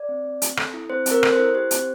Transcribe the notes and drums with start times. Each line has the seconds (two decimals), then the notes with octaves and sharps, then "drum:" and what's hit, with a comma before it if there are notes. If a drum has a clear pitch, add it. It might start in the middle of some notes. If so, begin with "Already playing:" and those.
Already playing: D5
0.09 C4
0.25 C4
0.42 C4, drum: hi-hat
0.57 A4, drum: rim click
0.74 E4
0.90 C4 C5
1.06 C4, drum: hi-hat
1.11 A#4
1.23 A4, drum: rim click
1.32 C5
1.39 E4
1.54 G4 C5
1.71 C4, drum: hi-hat